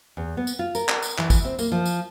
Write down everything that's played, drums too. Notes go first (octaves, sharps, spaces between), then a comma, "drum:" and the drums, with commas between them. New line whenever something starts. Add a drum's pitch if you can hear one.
E2
B3
drum: tambourine
F4
A#4, drum: tambourine
drum: clap
drum: tambourine
E3, drum: clap
drum: kick, tambourine
C4
A#3, drum: tambourine
F3
drum: tambourine